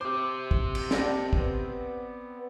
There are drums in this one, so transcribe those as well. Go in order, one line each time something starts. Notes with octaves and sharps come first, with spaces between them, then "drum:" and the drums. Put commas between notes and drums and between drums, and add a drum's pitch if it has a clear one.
G4 C5 D6
drum: kick
drum: cymbal
D#3 C4 D4 D5 A#6, drum: snare
B3, drum: kick